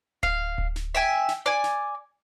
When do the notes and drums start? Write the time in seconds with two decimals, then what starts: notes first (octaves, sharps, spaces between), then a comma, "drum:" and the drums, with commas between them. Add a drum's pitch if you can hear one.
0.23 F5, drum: kick D1
0.58 drum: kick D1
0.76 drum: snare
0.95 E5 G5 G#5
1.29 drum: snare
1.46 D5 G#5
1.64 drum: snare